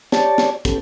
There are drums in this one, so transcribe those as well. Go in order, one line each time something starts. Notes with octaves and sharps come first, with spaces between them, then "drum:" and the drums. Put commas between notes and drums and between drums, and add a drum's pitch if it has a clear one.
G4 C#5 D5 A5, drum: snare
drum: snare
B3 C#4 G4 A4, drum: kick, hi-hat